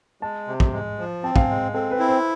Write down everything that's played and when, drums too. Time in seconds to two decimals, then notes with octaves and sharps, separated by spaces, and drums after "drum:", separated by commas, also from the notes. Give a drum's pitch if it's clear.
0.21 G#3 A5
0.48 C3
0.60 drum: kick
0.73 G#3
0.98 F3
1.24 C4 A5
1.36 F5, drum: kick
1.41 G#5
1.49 G#3
1.74 C4 A4
1.91 B4
1.99 E4
2.09 C5